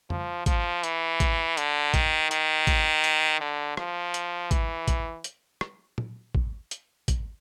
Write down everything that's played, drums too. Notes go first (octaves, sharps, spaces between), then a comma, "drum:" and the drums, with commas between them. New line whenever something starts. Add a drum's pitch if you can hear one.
F3, drum: tom
F3, drum: kick, hi-hat
E3, drum: hi-hat
drum: kick, hi-hat
D3, drum: hi-hat
D#3, drum: kick, hi-hat
D#3, drum: hi-hat
drum: kick, hi-hat
drum: hi-hat
D3
F3, drum: rim click
drum: hi-hat
E3, drum: kick, hi-hat
drum: kick, hi-hat
drum: hi-hat
drum: rim click
drum: tom
drum: kick
drum: hi-hat
drum: kick, hi-hat